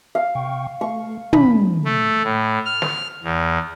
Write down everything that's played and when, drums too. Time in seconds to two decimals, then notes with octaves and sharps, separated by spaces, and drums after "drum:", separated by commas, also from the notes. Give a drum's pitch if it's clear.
0.15 F5
0.35 C3 G5 C#6
0.81 A3 C#6
1.33 B2 D#3 B5, drum: tom
1.85 A3
2.23 A2
2.65 F6
2.82 drum: snare
3.23 E2